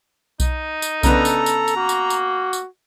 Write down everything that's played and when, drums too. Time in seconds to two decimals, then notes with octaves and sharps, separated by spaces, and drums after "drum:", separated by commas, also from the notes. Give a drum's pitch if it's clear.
0.40 D#4, drum: kick B1, tambourine
0.82 drum: tambourine
1.03 C#3 B3 D4 A4 A#5, drum: kick B1, tambourine
1.25 drum: tambourine
1.46 drum: tambourine
1.68 drum: tambourine
1.77 A#3 F#4
1.89 drum: tambourine
2.10 drum: tambourine
2.53 drum: tambourine